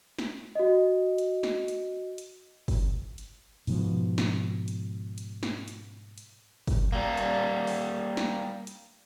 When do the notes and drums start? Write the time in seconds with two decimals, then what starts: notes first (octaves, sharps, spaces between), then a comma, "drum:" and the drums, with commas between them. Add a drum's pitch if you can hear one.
0.19 drum: snare
0.55 F#4 D#5
1.18 drum: hi-hat
1.43 drum: snare
1.68 drum: hi-hat
2.18 drum: hi-hat
2.68 drum: kick, open hi-hat
3.18 drum: hi-hat
3.67 G#2 B2 F3, drum: open hi-hat
4.18 drum: snare
4.68 drum: hi-hat
5.18 drum: hi-hat
5.43 drum: snare
5.68 drum: hi-hat
6.18 drum: hi-hat
6.67 drum: kick, open hi-hat
6.92 G3 A#3
7.17 drum: hi-hat
7.67 drum: open hi-hat
8.17 drum: snare
8.67 drum: hi-hat